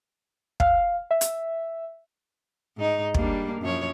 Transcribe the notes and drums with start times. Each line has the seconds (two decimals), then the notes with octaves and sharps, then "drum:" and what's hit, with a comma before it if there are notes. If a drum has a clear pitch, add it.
0.60 F5, drum: kick
1.11 E5
1.21 drum: hi-hat
2.78 G#2 D#4
3.14 G3 A#3 D4, drum: kick
3.61 F#2 F3 C#5